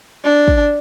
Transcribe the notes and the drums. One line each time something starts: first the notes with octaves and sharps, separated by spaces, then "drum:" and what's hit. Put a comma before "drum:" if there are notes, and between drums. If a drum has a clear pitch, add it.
D4
drum: kick